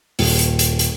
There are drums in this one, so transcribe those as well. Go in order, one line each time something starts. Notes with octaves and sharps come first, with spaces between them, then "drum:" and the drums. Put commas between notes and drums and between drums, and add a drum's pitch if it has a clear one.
D#1, drum: open hi-hat
drum: hi-hat
drum: hi-hat
drum: hi-hat